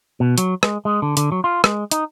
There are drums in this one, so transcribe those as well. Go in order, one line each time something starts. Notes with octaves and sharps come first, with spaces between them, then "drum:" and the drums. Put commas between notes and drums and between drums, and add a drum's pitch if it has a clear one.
B2
F#3, drum: hi-hat
G#3, drum: rim click
G#3
D3
D3, drum: hi-hat
F#3
F4
G#3, drum: rim click
D#4, drum: hi-hat